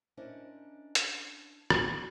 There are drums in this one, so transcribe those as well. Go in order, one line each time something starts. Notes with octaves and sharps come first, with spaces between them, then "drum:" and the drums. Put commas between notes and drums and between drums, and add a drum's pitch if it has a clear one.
C#4 D4 E4 A#4 C5 D#5
drum: hi-hat
D4, drum: rim click